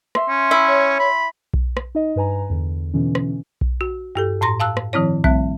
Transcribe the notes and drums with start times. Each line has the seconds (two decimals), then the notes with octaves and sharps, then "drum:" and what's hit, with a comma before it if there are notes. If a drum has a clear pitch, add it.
0.15 E5 C6, drum: rim click
0.29 C#4
0.51 E4
0.66 C#5
0.99 B5
1.54 drum: kick B1
1.77 drum: rim click
1.95 D#4 D#5
2.16 G2 B4 G#5 A#5
2.50 E2 D3
2.94 B2 D3 E3 C#4
3.15 drum: rim click
3.61 drum: kick B1
3.81 F#4
4.15 G2 G4 A4
4.41 A2 A#5 C6 A#6
4.60 F5 A5 E6 F#6
4.77 drum: rim click
4.93 D#3 F3 C4 E4 C#5
5.24 G3 A3 C4 E5 F#6, drum: kick B1